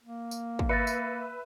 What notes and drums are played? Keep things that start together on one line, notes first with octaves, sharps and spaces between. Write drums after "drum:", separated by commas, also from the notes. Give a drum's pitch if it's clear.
A#3
drum: tambourine
drum: kick
B4 E5 A6 A#6 C#7
drum: tambourine